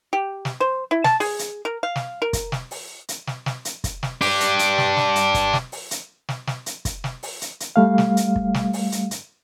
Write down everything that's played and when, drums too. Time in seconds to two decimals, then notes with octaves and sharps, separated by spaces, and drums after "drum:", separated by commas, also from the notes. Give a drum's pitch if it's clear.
0.13 G4
0.45 drum: snare
0.60 C5
0.91 E4
1.04 A5, drum: snare
1.20 G#4, drum: open hi-hat
1.39 drum: hi-hat
1.65 A#4
1.83 F5
1.96 drum: snare
2.22 A#4
2.33 drum: kick, hi-hat
2.52 drum: snare
2.71 drum: open hi-hat
3.09 drum: hi-hat
3.27 drum: snare
3.46 drum: snare
3.65 drum: hi-hat
3.84 drum: kick, hi-hat
4.03 drum: snare
4.21 D4 G4, drum: open hi-hat
4.40 drum: hi-hat
4.59 drum: hi-hat
4.78 drum: snare
4.97 drum: snare
5.16 drum: hi-hat
5.34 drum: kick, hi-hat
5.53 drum: snare
5.72 drum: open hi-hat
5.91 drum: hi-hat
6.29 drum: snare
6.47 drum: snare
6.66 drum: hi-hat
6.85 drum: kick, hi-hat
7.04 drum: snare
7.23 drum: open hi-hat
7.41 drum: hi-hat
7.60 drum: hi-hat
7.76 G3 A3 F5
7.98 drum: snare
8.17 drum: hi-hat
8.36 drum: kick
8.54 drum: snare
8.73 drum: open hi-hat
8.92 drum: hi-hat
9.11 drum: hi-hat